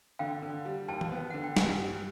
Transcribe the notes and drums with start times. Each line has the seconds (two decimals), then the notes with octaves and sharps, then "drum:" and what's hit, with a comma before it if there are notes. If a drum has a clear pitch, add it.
0.19 D3 F5 G5
0.42 D3
0.65 G3
0.88 D#2 G5 A5
1.01 drum: tom E3
1.12 B3
1.30 D3 F#5
1.44 G5
1.57 G2 F#5 G#5, drum: snare
1.80 G3